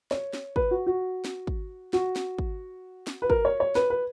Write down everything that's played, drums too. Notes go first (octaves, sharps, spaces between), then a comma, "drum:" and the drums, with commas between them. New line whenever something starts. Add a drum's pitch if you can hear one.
C#5, drum: snare
drum: snare
B4, drum: kick
F#4
F#4
drum: snare
drum: kick
F#4, drum: snare
drum: snare
drum: kick
drum: snare
B4
A#4, drum: kick
C#5
C#5
B4, drum: snare
B4